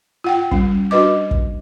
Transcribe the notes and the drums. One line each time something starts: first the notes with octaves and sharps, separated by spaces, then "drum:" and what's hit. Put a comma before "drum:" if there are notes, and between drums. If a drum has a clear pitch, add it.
F4 F#5 G5
G3 C#4, drum: kick
D4 F#4 B4 D#5 D6
drum: kick